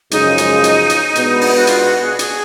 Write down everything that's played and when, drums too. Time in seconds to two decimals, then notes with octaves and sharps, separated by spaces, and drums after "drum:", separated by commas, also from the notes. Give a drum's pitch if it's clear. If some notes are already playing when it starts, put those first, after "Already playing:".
0.11 F#2 C#3 F3 G#3 D#4, drum: hi-hat
0.38 drum: hi-hat
0.64 drum: hi-hat
0.90 drum: hi-hat
1.15 B2 G#3 B3 D4, drum: hi-hat
1.41 drum: open hi-hat
1.56 F#4
1.67 F4, drum: hi-hat
1.84 F#4
2.01 G#4
2.19 G#4, drum: hi-hat